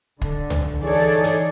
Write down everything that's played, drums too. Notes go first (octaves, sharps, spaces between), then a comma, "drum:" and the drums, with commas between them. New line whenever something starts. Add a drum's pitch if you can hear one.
D3, drum: kick
drum: tom
E3 D#4 G#4 A4 C#5 D5
drum: hi-hat